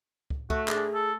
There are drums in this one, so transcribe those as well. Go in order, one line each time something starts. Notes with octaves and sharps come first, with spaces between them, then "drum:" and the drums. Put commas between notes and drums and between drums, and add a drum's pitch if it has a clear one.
drum: kick
A3 F#4, drum: kick
D4 G#4, drum: clap
A4